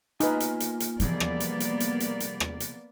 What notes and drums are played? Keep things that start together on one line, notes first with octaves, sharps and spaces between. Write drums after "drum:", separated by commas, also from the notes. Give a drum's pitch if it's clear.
A#3 D#4 F4 B4 G#5, drum: hi-hat
drum: hi-hat
drum: hi-hat
drum: hi-hat
C2 E3 F3 G3 A#3 B3 G#4 D5, drum: hi-hat
drum: rim click
drum: hi-hat
drum: hi-hat
drum: hi-hat
drum: hi-hat
drum: hi-hat
drum: rim click
drum: hi-hat